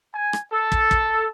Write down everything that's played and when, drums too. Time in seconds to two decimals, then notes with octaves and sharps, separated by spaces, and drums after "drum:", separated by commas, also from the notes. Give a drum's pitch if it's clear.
0.14 G#5
0.33 drum: rim click
0.52 A4
0.72 drum: kick
0.91 drum: kick